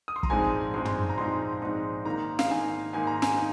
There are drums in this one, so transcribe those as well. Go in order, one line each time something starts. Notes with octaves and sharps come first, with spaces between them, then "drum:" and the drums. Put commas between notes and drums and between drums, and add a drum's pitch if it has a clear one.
D#6
C6
A#5, drum: kick
A#1 G#2 G#3 C4 D#4 G#5
A#1 G#2 G#3 C4 D#4 C6
drum: tom
A#5
A#1 G#2 G#3 C4 D#4 C6
A#1 G#2 G#3 C4 D#4
G#2 D#3 A#3 D#4 A#5
F5, drum: snare
G#2 D#3 A#3 D#4 G#5
G#2 D#3 A#3 D#4 G#5
A#5
G#5, drum: snare
D#4